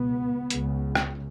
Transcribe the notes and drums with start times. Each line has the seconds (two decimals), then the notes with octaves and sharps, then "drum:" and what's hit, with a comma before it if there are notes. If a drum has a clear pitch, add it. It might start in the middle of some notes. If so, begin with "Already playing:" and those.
Already playing: C#2 B2 B3
0.50 C#2 C#3, drum: hi-hat
0.95 drum: rim click